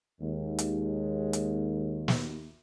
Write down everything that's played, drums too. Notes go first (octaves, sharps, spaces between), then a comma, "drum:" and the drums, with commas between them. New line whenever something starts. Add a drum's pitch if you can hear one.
D#2 G#3
drum: hi-hat
drum: hi-hat
drum: snare